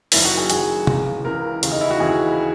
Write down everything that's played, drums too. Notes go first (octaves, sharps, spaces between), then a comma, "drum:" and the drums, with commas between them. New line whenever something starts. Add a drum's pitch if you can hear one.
F#1 F#2 D#3 E4, drum: open hi-hat
F#4
G#4
F#1 F#2 D#3 G#4, drum: hi-hat
C#2 C#3 E3, drum: tom
C#2 C#3 E3 A#4
D#2 C#3 E3, drum: hi-hat
D#4
E4
F#4
D#2 C#3 E3 G#4